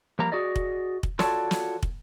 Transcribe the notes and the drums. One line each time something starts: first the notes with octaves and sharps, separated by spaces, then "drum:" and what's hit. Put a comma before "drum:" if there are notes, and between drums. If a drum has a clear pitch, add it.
F3 G3 A#3 A#5
F#4 G#4 D5 D#5
drum: kick
drum: kick
F4 F#4 A4 C#5 D5 A5, drum: snare
drum: snare
drum: kick